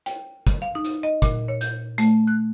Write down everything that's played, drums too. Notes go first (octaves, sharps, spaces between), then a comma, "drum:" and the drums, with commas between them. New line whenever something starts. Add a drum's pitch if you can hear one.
G5, drum: hi-hat
drum: kick, hi-hat
F5
D#4
drum: hi-hat
D#5
A#2, drum: kick, hi-hat
C#5
G6, drum: hi-hat
A3, drum: hi-hat
F#6